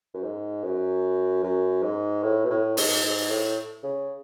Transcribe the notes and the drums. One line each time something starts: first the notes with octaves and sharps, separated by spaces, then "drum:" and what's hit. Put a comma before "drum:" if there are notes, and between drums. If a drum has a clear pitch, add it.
F#2
G#2
F#2
F#2
G#2
A2
B2
A2
G#2, drum: open hi-hat
G#2
A2
C#3